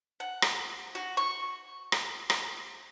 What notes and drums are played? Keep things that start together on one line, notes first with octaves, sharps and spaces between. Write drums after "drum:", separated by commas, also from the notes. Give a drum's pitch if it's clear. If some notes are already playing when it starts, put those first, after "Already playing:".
F#5
drum: rim click
F#4
C#6
drum: rim click
drum: rim click